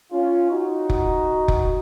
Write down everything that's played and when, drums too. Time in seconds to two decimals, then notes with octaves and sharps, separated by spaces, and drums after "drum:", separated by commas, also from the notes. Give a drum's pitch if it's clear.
0.11 C#4 F4
0.50 D#4 F#4
0.90 drum: kick F1
1.48 drum: kick F1